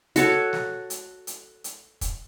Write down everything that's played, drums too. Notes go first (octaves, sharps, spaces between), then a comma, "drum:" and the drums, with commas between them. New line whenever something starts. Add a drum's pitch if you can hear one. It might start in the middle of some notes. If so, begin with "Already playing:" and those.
F#4 A4 C#5, drum: hi-hat
drum: snare
drum: hi-hat
drum: hi-hat
drum: hi-hat
drum: kick, hi-hat